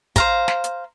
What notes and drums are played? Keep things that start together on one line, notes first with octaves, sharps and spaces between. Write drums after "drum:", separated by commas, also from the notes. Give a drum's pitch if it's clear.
C5 F5 A#5, drum: kick, hi-hat
drum: snare
drum: hi-hat